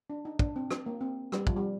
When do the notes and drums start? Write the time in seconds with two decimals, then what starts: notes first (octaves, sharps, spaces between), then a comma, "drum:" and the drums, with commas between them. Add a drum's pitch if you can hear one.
0.10 D4
0.25 D#4
0.39 D4, drum: kick
0.56 C4
0.71 drum: rim click
0.86 A#3
1.01 C4
1.32 G3, drum: rim click
1.47 F3, drum: kick
1.56 G3